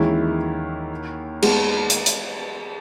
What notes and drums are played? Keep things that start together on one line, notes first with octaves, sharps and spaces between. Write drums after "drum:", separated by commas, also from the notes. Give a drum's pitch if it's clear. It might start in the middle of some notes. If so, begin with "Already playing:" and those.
Already playing: D#2 D#3 E3 F#3 G#3 C#4 E4
G#3 B3, drum: cymbal
drum: hi-hat
drum: hi-hat